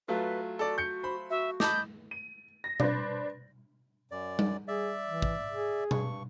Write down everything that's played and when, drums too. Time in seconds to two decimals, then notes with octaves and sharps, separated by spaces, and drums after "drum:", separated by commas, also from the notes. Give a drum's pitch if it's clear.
0.08 F#3 A3 F4 B4
0.59 F#4 A4 D5
0.78 G6 C#7
1.03 C5 B5
1.30 F#4 E5
1.60 D#5 A5 B5 D6 G6, drum: snare
2.11 D#7
2.64 A#6
2.80 D4 B4 C5 D5, drum: tom B2
4.11 F#2 D5
4.39 drum: tom G3
4.68 G#4 D5 E5
5.06 E3
5.22 drum: kick
5.52 G#4
5.91 G2 C#6, drum: tom B2